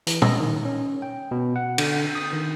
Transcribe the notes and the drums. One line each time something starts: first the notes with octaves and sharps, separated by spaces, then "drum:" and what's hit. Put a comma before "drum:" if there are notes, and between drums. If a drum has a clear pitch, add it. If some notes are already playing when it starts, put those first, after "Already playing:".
E3, drum: hi-hat
D#5, drum: tom
D#3
C#4
G5
B2
F#5
D3, drum: cymbal
D#6
D#3